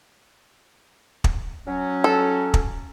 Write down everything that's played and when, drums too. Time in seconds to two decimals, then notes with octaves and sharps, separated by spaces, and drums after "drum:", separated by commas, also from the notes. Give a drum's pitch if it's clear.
1.24 drum: kick
1.67 F#3 C#4
2.04 A4
2.54 drum: kick